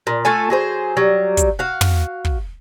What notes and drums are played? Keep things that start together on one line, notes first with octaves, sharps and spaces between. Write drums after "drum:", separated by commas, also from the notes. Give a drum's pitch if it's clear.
A#2
A3 F4 A4 G#5
F#3 G#4 C5
F#3 G3
drum: kick, hi-hat
F#4 F5
drum: tom
drum: kick